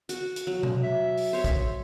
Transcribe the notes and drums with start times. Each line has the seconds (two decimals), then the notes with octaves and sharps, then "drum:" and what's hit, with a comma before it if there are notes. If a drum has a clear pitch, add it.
0.09 F#4, drum: hi-hat
0.36 drum: hi-hat
0.47 F#3
0.63 drum: tom B2
0.84 E5
1.17 drum: open hi-hat
1.33 C5 C#5
1.44 drum: kick, hi-hat